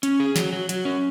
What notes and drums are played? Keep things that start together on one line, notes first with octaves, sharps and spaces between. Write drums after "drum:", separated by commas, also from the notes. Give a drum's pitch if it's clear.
C#4, drum: hi-hat
G#4
F#3, drum: snare
F#3
F#3, drum: hi-hat
C#4